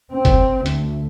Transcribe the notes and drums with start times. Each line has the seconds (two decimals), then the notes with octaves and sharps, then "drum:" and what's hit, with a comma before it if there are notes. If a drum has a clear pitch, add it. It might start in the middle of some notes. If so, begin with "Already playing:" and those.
0.12 C4
0.25 drum: kick F#1, hi-hat
0.66 D2, drum: hi-hat